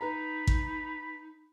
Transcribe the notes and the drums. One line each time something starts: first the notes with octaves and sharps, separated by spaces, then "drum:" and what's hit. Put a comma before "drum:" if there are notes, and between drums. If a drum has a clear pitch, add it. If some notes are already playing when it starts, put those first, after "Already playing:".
D#4 B4 A#5 B5
drum: kick A1